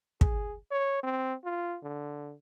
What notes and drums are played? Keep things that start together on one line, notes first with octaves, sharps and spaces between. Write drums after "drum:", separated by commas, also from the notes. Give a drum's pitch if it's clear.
G#4, drum: kick
C#5
C4
F4
D3